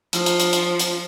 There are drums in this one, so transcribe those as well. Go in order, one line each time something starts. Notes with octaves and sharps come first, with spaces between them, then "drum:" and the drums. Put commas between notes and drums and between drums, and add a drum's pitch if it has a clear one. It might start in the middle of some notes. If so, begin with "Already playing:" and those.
F3, drum: hi-hat
drum: hi-hat
drum: hi-hat
drum: hi-hat
drum: hi-hat